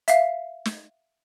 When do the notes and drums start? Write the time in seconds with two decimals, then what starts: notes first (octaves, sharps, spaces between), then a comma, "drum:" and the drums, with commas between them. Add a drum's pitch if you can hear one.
0.08 E5 F5, drum: hi-hat
0.65 drum: snare